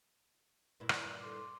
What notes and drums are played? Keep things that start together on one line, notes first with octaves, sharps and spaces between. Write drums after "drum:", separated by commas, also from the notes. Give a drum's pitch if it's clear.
G2 A#2 E4
drum: rim click
A4 C6 D6